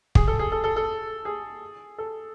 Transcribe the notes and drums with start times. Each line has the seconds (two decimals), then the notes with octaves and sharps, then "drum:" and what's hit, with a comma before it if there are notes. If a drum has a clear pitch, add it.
0.15 G#4, drum: kick
0.28 A4
0.39 G#4
0.52 A4
0.64 A4
0.76 A4
1.25 G#4
1.98 A4